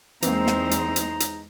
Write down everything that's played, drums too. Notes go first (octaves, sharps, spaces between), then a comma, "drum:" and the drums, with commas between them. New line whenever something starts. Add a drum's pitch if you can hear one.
E2 E3 G#3 A#3 C4 D#4 C5 A#5, drum: hi-hat
drum: snare
drum: hi-hat
drum: hi-hat
drum: hi-hat